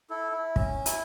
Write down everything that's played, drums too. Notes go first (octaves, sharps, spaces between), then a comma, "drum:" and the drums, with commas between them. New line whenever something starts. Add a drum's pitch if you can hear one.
E4 A4
E4
C#4, drum: kick
E4, drum: hi-hat